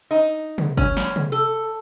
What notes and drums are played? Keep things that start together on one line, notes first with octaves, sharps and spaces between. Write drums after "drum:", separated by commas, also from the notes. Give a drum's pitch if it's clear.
D#4
drum: tom C3
C#4, drum: kick
drum: snare
drum: tom C3
A4